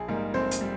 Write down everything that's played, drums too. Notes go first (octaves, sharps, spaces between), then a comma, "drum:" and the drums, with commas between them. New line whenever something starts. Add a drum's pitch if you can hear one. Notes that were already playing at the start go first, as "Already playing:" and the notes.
Already playing: A#1 G#4
G#2 G3 A#3 D#4
A#1 C4 C5
drum: hi-hat
G3